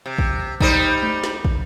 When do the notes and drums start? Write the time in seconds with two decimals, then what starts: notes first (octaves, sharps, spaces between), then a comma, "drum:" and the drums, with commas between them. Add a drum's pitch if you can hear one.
0.06 C3
0.18 drum: kick
0.60 G3 D#4 C5, drum: kick
1.03 drum: tom G#3
1.24 drum: snare
1.45 drum: kick